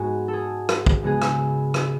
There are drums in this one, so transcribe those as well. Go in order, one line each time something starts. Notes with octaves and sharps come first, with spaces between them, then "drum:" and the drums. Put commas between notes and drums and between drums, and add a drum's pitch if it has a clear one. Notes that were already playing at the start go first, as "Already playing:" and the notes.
Already playing: G#2 G#3 B3 F#4 G#4
A4
G#4
drum: rim click
drum: kick
C#3 G#3 B3 G#4
drum: rim click
drum: rim click